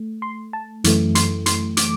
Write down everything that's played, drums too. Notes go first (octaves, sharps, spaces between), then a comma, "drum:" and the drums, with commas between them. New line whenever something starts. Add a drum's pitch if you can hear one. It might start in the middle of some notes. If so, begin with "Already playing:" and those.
Already playing: A3
C6
A5
F#2 E3 A3, drum: hi-hat
C6, drum: hi-hat
C6, drum: hi-hat
D6, drum: hi-hat